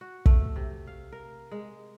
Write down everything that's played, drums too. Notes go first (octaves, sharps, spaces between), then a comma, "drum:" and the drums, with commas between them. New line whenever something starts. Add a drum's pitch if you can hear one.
F#4
A3, drum: kick
C3
F5
A#4
G#3